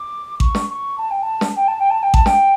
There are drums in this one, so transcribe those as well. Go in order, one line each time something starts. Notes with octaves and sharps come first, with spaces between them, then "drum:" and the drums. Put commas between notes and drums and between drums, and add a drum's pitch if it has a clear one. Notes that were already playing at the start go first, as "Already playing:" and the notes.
Already playing: D6
C#6, drum: kick A1
drum: snare
C#6
A5
G5
A5
drum: snare
G5
A5
G5
A5
G5
A5, drum: kick A1
G5, drum: snare